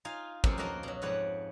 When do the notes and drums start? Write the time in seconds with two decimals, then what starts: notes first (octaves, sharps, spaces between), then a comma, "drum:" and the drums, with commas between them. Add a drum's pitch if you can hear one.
0.05 D#4 F4 F5 G#5
0.44 F#2 C3 A#3 B3 F4, drum: kick
0.57 F2 A#3 F#4 A#4 D#5 A5
0.83 B2 F#3
1.02 F2 G#2 B4 C#5 D5 F#5